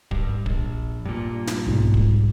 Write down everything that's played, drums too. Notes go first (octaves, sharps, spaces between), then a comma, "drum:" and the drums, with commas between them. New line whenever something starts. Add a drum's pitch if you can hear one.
G#1 G2, drum: kick
A#1, drum: kick
G2 A#2
drum: snare
B1 G#2 G3
drum: kick